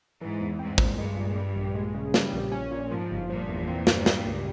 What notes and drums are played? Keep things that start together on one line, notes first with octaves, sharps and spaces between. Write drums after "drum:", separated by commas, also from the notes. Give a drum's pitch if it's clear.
G#2 E3
E2
G#2 C4
A#2, drum: kick
G2 G#3
A#2
G3
A#1
G#3
C#3
G3, drum: snare
A#1
C#4
A#2
G#2 F3
G1
A#2 F3
E2
C4
G2, drum: snare
G3, drum: snare
C#2